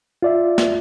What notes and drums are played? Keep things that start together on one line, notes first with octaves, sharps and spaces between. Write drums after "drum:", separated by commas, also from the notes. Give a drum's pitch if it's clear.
F4 D5 E5
drum: snare